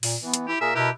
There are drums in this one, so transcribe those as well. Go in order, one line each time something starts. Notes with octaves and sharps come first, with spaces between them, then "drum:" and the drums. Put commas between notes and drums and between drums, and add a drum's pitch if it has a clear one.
A#2, drum: open hi-hat
E3 B3
drum: hi-hat
E4 G4
A#2 G#4 A#4 E5
B2 E4 G4 A#4 B4